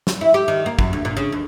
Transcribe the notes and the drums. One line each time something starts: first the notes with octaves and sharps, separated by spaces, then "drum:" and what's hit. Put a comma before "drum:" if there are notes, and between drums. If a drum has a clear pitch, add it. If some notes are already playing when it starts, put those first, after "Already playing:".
drum: snare
E4
G4
D#3
A#3
F#2, drum: kick
D2
A#2
C#3
D#2